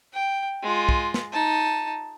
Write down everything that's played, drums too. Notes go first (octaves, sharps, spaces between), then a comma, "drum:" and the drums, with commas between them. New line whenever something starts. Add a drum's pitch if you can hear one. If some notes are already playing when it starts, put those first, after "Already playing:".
G5
G#3 F4
drum: kick
drum: snare
D#4 A5